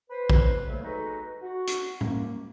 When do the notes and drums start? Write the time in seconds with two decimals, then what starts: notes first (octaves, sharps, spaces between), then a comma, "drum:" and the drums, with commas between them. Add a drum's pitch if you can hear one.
0.11 B4 C5
0.30 drum: kick
0.66 D2 C#3 F#3 G3 A3 A#3
0.84 G#3 D#4 F#4 A4 B4
1.43 F#4
1.67 drum: hi-hat
2.01 A#3, drum: tom